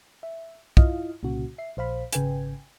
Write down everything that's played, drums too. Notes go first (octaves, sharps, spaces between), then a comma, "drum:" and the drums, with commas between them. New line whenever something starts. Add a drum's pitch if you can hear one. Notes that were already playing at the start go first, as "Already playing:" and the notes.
E5
E4 F4 D#5 F5, drum: kick
C2 A#2 C#3 F#4
E5 C7
A#1 C5 F5 B5
G#1 C#3 B4 G5 G#5, drum: hi-hat